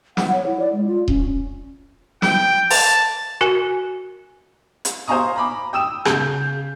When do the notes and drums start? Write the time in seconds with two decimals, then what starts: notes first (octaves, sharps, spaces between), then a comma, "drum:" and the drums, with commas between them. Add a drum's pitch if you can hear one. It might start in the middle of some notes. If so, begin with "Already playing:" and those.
0.17 F#5, drum: snare
0.32 C#5
0.46 E4
0.60 D5
0.73 G#3
0.86 F4
1.08 C#4, drum: kick D#1
2.22 G5, drum: snare
2.71 A5, drum: open hi-hat
3.41 F#4 A#4 G#5
4.85 drum: hi-hat
5.08 C5 F5 G#5 A#5 C#6 D#6
5.36 A#5 B5 D6
5.73 G5 D#6 E6 E7
6.05 C#3 G6, drum: rim click